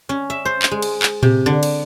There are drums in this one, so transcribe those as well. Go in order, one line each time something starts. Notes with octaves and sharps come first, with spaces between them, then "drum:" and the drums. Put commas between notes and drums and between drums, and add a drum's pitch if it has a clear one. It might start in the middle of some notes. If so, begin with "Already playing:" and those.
C#4
E5
C5
drum: clap
G#3
drum: cymbal
drum: clap
C3, drum: tom A2
D3
drum: cymbal